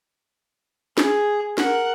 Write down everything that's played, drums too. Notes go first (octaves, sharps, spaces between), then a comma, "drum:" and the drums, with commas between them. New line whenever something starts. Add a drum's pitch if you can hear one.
G#4, drum: snare
A#4 F#5, drum: snare